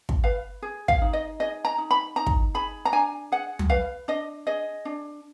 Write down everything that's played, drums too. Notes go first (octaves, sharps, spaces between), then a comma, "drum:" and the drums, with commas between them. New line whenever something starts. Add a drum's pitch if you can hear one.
drum: kick
B4 F5
G#4
F5, drum: kick
D#4
D#5
G#4 D#5
A#5
D#4
B5
D#4 A#5
drum: kick
G#4 B5
A#5
D4 G#5
G#4 F#5
drum: tom
B4 F5
D4 D#5
G#4 D#5
D4